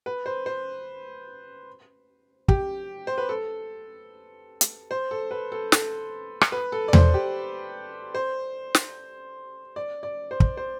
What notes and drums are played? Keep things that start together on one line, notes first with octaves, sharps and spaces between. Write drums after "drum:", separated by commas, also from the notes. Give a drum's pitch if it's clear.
B4
C5
C5
G4, drum: kick
C5
B4
A4
drum: hi-hat
C5
A4
B4
A4
A4, drum: snare
drum: rim click
B4
A4
D5
C5, drum: tom E2
G4
C5
drum: snare
D5
D5
C5
drum: kick
C5